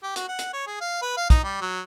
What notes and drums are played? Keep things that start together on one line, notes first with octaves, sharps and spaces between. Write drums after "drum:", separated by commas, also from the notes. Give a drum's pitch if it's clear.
G4
F#4, drum: hi-hat
F#5
drum: hi-hat
C#5
G#4
F5
B4
F5
D#4, drum: kick, hi-hat
G3
F#3